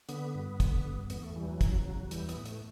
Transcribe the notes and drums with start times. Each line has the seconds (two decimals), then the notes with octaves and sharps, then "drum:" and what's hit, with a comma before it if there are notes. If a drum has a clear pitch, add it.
0.09 D3 B3, drum: hi-hat
0.35 G2
0.60 D3, drum: kick, hi-hat
0.85 G2
1.10 E2 B3, drum: hi-hat
1.23 A3
1.36 E3 G3
1.48 F#3
1.61 C#3, drum: kick, hi-hat
1.86 E2
2.11 E3 G3, drum: hi-hat
2.29 B3, drum: hi-hat
2.36 A2
2.46 A3, drum: hi-hat